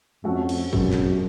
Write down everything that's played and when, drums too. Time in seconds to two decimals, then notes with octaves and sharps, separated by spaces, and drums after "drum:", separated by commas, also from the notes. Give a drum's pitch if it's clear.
0.24 F2 A3 C#4 F#4 A4
0.49 drum: cymbal
0.73 F#2 B2 G#3 C#4 F#4, drum: kick G1
0.93 drum: snare